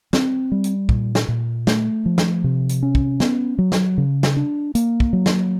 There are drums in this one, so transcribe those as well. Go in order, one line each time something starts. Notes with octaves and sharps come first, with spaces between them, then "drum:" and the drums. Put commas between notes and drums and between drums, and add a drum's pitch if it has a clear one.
C4, drum: snare
G3
drum: hi-hat
A#2, drum: kick
drum: snare
A#2
A3, drum: snare
F3
drum: snare
C3
drum: hi-hat
C#4
drum: kick
B3, drum: snare
F#3
drum: snare
C#3
drum: snare
D4
A#3, drum: hi-hat
drum: kick
F#3
drum: snare